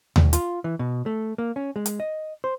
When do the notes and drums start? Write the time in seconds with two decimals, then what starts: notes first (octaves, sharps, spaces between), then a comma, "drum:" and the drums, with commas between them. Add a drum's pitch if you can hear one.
0.16 D2, drum: tom D#2
0.33 F4, drum: hi-hat
0.64 E3
0.79 B2
1.06 A3
1.38 A#3
1.56 C#4
1.76 G#3
1.86 drum: hi-hat
2.00 D#5
2.44 C5